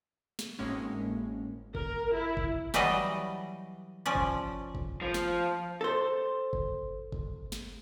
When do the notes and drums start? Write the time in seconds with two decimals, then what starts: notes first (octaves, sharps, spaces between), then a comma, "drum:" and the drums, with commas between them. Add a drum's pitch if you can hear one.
0.39 drum: snare
0.59 G#1 A2 G#3 A#3 C#4
1.75 A#4, drum: kick G1
2.14 E4
2.37 drum: kick G1
2.74 E3 F#3 G3 D5 D#5, drum: snare
4.06 F3 C#4 D5
4.15 drum: kick G1
4.75 drum: kick G1
5.01 F3
5.14 drum: snare
5.81 A4 C5
6.53 drum: kick G1
7.12 drum: kick G1
7.52 drum: snare